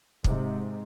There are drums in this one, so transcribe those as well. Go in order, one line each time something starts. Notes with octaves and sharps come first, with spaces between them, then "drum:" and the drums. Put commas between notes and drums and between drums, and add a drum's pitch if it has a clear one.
G#2 C3, drum: kick